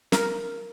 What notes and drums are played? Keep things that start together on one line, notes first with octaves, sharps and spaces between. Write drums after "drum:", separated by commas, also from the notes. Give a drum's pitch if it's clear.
A#4, drum: snare